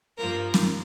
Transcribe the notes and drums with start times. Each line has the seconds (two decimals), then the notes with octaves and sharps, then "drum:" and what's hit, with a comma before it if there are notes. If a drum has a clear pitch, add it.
0.17 G2 F3 A#3 A#4
0.54 drum: snare